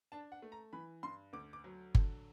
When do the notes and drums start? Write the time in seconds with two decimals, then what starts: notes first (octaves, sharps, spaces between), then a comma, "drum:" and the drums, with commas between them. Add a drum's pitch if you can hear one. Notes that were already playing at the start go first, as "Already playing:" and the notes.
0.12 D4 A5
0.32 F#5
0.42 A3
0.52 A#5
0.73 E3 B5
1.03 G2 C6
1.33 D2 D6
1.53 D6
1.64 F#3
1.95 D3, drum: kick G1